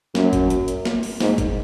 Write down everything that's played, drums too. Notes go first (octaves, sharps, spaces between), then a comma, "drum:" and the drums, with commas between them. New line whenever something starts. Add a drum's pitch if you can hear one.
F#2, drum: snare A#3
drum: kick, hi-hat
drum: hi-hat
drum: hi-hat
drum: snare A#3
drum: open hi-hat
G#2, drum: snare A#3
drum: kick, hi-hat